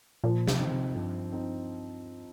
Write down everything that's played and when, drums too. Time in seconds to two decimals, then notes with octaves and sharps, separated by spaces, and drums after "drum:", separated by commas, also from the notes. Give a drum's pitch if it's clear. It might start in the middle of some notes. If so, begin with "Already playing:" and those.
0.24 A#2 F3
0.48 C3, drum: snare
0.59 C4 D#4
0.67 D#3
0.72 C3
0.95 G2 F3
1.33 C4 D#4